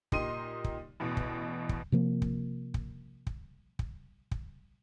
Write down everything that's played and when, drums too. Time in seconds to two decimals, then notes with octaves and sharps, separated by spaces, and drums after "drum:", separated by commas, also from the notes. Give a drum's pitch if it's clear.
0.12 A#2 D#4 G4 D#5 C6 D#7, drum: kick
0.64 drum: kick
1.00 A1 E2 B2
1.17 drum: kick
1.69 drum: kick
1.92 C3 F3 A#3
2.22 drum: kick
2.74 drum: kick
3.27 drum: kick
3.79 drum: kick
4.31 drum: kick